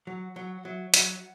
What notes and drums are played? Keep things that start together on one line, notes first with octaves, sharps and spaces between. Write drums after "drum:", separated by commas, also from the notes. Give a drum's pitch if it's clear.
F#3 F#5
F#3 F#5
F#5
F#3 E5
F#3 F#5, drum: hi-hat